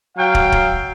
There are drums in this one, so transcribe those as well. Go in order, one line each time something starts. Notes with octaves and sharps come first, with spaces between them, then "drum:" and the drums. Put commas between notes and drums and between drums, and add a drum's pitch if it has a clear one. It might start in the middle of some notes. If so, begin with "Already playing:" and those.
F#3 F5 G5
drum: kick
drum: kick